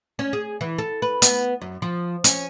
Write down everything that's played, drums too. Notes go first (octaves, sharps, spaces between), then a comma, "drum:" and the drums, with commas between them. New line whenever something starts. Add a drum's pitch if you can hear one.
C#4
G#4
E3
A4
B4
B3, drum: hi-hat
F#2
F3
C#4, drum: hi-hat